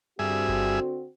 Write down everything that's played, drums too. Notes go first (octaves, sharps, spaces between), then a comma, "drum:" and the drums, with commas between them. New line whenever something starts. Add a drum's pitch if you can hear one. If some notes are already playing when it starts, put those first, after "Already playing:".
G2 D3 C4 F#4 G#4 E5
drum: kick G1